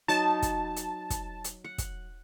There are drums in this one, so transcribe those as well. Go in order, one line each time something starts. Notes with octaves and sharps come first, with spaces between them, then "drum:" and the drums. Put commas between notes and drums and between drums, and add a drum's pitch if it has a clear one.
F#3 D#4 A5
drum: kick, hi-hat
drum: hi-hat
drum: kick, hi-hat
drum: hi-hat
F#5
drum: kick, hi-hat